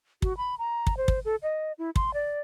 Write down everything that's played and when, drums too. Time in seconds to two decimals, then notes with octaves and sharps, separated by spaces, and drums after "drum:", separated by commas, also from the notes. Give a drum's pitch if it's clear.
0.22 F#4, drum: kick
0.37 B5
0.59 A#5
0.87 drum: kick
0.97 C5
1.08 drum: kick
1.25 A4
1.43 D#5
1.78 E4
1.96 C6, drum: kick
2.14 D5